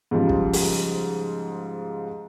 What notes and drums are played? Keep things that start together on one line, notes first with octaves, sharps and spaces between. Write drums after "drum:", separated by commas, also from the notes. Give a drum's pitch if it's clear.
G#2 C#3 F3 G3
drum: kick
drum: open hi-hat